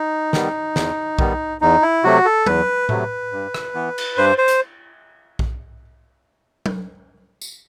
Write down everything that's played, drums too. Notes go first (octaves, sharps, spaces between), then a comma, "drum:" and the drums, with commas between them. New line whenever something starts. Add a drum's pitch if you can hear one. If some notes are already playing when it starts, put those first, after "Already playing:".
Already playing: D#4
D#3 G3 B3, drum: snare
E2, drum: snare
D#3 G3 B3, drum: kick A#1
E2 D#4
E4
C3 F#3 A3 F#4
A4
E2 B4, drum: tom F#3
C3 F#3 A3, drum: tom A2
G2
drum: rim click
E3 B3
drum: cymbal
G2 C5
C5
drum: hi-hat
drum: kick A#1
drum: tom F#3
drum: tambourine